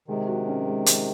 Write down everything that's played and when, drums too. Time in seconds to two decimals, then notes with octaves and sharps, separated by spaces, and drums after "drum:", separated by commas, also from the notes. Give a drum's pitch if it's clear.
0.08 C3 D#3 G#3
0.28 F#4
0.47 C#4
0.66 G#3
0.86 G#3, drum: hi-hat